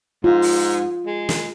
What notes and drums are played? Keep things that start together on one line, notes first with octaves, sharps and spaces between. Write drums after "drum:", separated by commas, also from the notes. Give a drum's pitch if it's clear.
G#2 F4
drum: open hi-hat
G#3
drum: snare